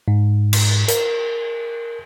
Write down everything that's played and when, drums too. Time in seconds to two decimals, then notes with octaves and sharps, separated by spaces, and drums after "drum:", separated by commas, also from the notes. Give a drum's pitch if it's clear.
0.08 G#2
0.53 drum: cymbal
0.88 A#4, drum: hi-hat